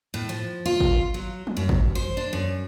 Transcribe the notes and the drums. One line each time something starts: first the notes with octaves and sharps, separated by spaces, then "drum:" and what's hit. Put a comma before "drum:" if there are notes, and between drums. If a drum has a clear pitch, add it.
A2
F3
F4
drum: kick
F#3
drum: tom
F#2
drum: kick
C5
D4
F#2